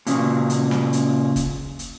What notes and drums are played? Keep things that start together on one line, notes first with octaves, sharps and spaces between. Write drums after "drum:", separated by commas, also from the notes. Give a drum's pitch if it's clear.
A#2 C#3, drum: hi-hat
drum: hi-hat
drum: snare
drum: hi-hat
drum: kick, hi-hat
drum: hi-hat